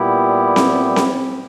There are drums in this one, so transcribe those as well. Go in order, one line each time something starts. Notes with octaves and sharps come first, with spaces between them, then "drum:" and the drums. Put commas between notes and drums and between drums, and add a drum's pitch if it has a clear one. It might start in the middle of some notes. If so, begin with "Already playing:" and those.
Already playing: A#2 G3 B3 E4 G4
drum: snare C4
drum: snare C4